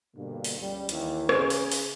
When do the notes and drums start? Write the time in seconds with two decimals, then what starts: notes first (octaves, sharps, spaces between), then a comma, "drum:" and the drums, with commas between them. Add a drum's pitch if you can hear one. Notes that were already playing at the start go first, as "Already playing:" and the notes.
0.16 G2 B2 D3 F3 A#3
0.44 drum: open hi-hat
0.59 C#2 G3
0.89 D#2 E3, drum: hi-hat
1.29 C#3 G#4, drum: rim click
1.50 drum: open hi-hat
1.72 drum: open hi-hat